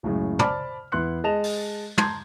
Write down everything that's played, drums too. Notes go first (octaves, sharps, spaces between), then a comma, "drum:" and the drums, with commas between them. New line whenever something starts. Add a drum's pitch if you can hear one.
C#2 F#2 A2 C#3
C5 D5 A5 B5 D6 F6, drum: tom
E2 B3 E4 C6 F#6 C#7
G#3 D#5 A5 E7 F7
drum: open hi-hat
A5 A#5 C6 G6 G#6, drum: tom